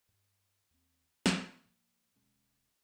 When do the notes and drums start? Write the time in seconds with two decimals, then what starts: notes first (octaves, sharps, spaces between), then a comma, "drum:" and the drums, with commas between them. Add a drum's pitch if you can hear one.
0.09 G2
0.71 D#2 C4
1.26 C3, drum: snare
1.65 G#2 F3 A#3
2.16 D1 B2 G#3 C#4